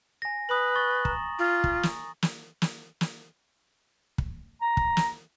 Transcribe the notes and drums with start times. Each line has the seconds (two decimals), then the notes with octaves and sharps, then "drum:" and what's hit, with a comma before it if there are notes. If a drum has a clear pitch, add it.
0.22 G#5 A#6
0.49 B4 D#6 F#7
0.76 C#6 A6
1.05 A#5, drum: kick
1.39 F4
1.64 drum: kick
1.83 drum: snare
2.22 drum: snare
2.62 drum: snare
3.01 drum: snare
4.18 drum: kick
4.62 A#5
4.77 drum: kick
4.97 drum: snare